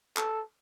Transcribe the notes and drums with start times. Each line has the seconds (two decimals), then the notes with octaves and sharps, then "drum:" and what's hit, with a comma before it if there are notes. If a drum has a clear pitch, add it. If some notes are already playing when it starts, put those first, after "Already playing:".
0.17 A4, drum: clap